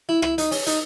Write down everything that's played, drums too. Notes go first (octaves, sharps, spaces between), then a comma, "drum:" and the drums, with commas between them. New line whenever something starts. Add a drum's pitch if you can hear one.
E4
E4, drum: rim click
D#4, drum: hi-hat
C#4, drum: open hi-hat
D#4, drum: hi-hat